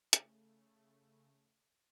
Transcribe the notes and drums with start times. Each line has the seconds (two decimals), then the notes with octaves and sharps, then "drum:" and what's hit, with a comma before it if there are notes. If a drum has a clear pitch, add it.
0.13 C#3 A3, drum: hi-hat